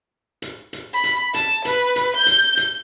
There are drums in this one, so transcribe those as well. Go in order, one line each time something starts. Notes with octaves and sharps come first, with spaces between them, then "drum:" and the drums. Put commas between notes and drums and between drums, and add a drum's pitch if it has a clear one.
drum: hi-hat
drum: hi-hat
B5
drum: hi-hat
A5, drum: hi-hat
B4, drum: hi-hat
drum: hi-hat
G6
drum: hi-hat
drum: hi-hat